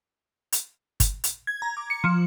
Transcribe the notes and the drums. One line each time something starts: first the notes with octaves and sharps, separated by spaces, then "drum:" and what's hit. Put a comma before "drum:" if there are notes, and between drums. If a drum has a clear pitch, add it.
drum: hi-hat
drum: kick G1, hi-hat
drum: hi-hat
G#6
A#5
D6
C#7
F3